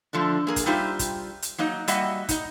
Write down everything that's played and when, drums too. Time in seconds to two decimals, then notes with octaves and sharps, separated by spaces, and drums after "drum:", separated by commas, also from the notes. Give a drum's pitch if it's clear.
0.13 D3 F3 A3 D4
0.47 A#3 G#4 A#4
0.56 drum: kick, hi-hat
0.66 G3 D#4 F4 G4 C5 E5
0.99 drum: kick, hi-hat
1.42 drum: hi-hat
1.58 F#3 A#3 D#4 D#5
1.88 G3 A#3 F#4 D#5 E5 F#5, drum: hi-hat
2.29 D#4 D#5, drum: kick, hi-hat